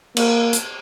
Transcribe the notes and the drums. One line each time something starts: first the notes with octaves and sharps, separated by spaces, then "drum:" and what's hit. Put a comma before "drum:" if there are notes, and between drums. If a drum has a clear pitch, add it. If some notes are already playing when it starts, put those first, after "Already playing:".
A#3, drum: cymbal
drum: hi-hat